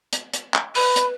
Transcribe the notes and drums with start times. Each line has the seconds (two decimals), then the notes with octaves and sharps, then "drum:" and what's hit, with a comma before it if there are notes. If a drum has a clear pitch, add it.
0.13 drum: hi-hat
0.33 drum: hi-hat
0.54 drum: clap
0.75 B4 B5, drum: open hi-hat
0.96 drum: hi-hat